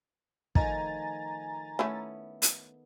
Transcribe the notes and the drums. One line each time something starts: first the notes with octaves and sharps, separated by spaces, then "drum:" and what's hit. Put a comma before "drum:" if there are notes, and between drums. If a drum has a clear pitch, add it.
D#3 F3 A3 G#5 A#5 A6, drum: kick
A3 B3 C#4 E4 A4
drum: hi-hat